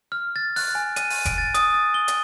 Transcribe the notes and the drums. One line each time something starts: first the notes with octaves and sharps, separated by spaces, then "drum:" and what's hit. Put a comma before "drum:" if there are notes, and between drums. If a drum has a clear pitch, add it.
F6
A6
F#6, drum: open hi-hat
G#5
D#7, drum: hi-hat
drum: open hi-hat
D7, drum: kick F1, hi-hat
A6
D#6, drum: hi-hat
A6
G7
drum: hi-hat